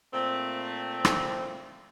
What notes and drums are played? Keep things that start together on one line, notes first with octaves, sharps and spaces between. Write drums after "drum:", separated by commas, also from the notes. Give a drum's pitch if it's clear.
A#2 A3 C4
drum: rim click